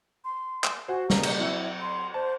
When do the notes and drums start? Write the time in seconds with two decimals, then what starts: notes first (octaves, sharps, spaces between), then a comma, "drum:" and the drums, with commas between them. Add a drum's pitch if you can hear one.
0.24 C6
0.64 drum: clap
0.88 F#4 C5 F#5 G#5
1.10 C#3 G3 A#3 A#5, drum: snare
1.23 drum: cymbal
1.39 F#3 C4 E4
1.81 C6
2.14 C5 A5